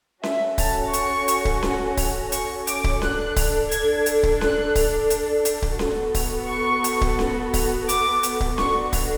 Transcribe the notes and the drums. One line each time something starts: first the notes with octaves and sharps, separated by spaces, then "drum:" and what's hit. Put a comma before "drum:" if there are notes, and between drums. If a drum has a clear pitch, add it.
C#4 F#4 A4 E5, drum: snare C#4
A5, drum: kick C#1, open hi-hat
C#6, drum: hi-hat
drum: hi-hat
drum: kick C#1
drum: snare C#4
drum: kick C#1, open hi-hat
C#6, drum: hi-hat
D6, drum: hi-hat
drum: kick C#1
D4 A4 F#6, drum: snare C#4
drum: kick C#1, open hi-hat
G#6, drum: hi-hat
drum: hi-hat
drum: kick C#1
F#6, drum: snare C#4
drum: kick C#1, open hi-hat
drum: hi-hat
drum: hi-hat
drum: kick C#1
B3 F#4 A4, drum: snare C#4
drum: kick C#1, open hi-hat
C#6
drum: hi-hat
drum: kick C#1
drum: snare C#4
drum: kick C#1, open hi-hat
D6, drum: hi-hat
drum: hi-hat
drum: kick C#1
B3 D4 F#4 A4 C#6, drum: snare C#4
drum: kick C#1, open hi-hat